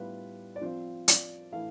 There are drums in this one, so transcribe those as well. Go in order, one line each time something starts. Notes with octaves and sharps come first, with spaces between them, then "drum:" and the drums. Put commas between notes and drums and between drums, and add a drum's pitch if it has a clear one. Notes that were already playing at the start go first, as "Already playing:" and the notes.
Already playing: A2 G3 B3 D4 F4 B4
D5
F3 C4 F4 C5
D5, drum: hi-hat
A2 E3 A3 E4 F5